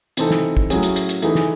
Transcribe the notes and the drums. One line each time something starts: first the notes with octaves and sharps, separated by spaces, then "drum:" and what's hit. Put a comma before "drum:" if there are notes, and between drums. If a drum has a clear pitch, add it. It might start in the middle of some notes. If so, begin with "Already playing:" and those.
C3 E3 C4 D#4 A4, drum: hi-hat
drum: snare
drum: kick
A2 F#3 C#4 G#4, drum: hi-hat
drum: hi-hat
drum: hi-hat
drum: hi-hat
E3 A3 D#4 G#4, drum: hi-hat
drum: snare